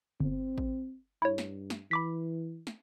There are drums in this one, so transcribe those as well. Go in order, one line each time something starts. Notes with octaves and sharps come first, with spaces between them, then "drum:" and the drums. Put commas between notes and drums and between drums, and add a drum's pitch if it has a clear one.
G1 C4
drum: kick A1
G2 E4 C#5
drum: snare
drum: snare
E3 B5 D6 B6
drum: snare